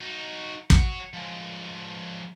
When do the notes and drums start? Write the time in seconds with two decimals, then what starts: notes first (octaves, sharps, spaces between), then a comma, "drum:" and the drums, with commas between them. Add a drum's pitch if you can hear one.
0.01 D#4 F#4
0.70 C#5 F#5, drum: kick
1.13 F3 G#3